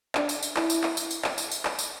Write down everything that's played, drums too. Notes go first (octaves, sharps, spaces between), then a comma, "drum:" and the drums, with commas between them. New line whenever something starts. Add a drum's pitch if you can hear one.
D4, drum: clap
drum: tambourine
drum: tambourine
E4, drum: clap
drum: tambourine
drum: clap
drum: tambourine
drum: tambourine
drum: clap
drum: tambourine
drum: tambourine
drum: clap
drum: tambourine